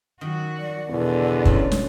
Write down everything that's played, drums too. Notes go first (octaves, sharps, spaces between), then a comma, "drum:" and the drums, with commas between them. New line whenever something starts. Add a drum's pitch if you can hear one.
D#3 F#3 F#4
D5
E2 B2 D3
C#4 E4 F4, drum: kick
drum: snare